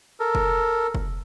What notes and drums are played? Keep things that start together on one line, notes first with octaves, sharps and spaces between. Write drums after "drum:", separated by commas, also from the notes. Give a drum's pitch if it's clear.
A4 A#4
drum: kick
drum: kick